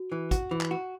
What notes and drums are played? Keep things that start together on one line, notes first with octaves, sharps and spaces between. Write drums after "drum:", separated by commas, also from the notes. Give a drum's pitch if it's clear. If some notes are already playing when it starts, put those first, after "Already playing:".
Already playing: F#4
E3
F#4, drum: kick, hi-hat
E3
drum: clap
F#4